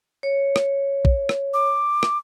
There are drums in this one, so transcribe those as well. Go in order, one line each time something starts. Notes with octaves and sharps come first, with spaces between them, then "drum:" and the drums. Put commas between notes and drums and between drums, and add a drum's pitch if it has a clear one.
C#5
drum: rim click
drum: kick
drum: rim click
D6
drum: rim click